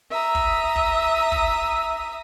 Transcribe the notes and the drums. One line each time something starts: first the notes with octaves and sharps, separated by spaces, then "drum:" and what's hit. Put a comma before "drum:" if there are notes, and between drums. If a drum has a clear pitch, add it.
E5 A#5 D#6
drum: kick
drum: kick
drum: kick